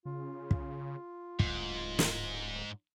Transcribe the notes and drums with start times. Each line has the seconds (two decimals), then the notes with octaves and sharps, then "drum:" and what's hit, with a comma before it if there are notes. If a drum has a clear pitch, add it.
0.06 C#3 F4
0.51 drum: kick
1.39 D1 G#2, drum: kick
1.99 drum: snare